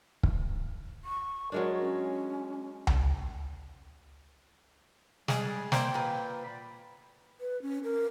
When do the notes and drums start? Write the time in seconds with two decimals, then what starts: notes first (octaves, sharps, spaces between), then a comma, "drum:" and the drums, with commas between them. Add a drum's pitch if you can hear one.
0.23 drum: kick
1.04 C#6
1.52 F#3 G#3 D4 A#4
1.81 C#4
2.87 drum: tom C#2
5.28 G3 G#3 G#4, drum: snare
5.72 A#3 C5 D5 G5, drum: snare
5.94 A#2 B4
6.43 D5 F#5 B5
7.40 B4
7.62 C#4
7.84 A#4